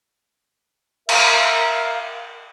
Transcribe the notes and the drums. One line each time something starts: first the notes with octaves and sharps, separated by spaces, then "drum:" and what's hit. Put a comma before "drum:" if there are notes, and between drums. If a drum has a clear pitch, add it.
A#4 E5 F5, drum: cymbal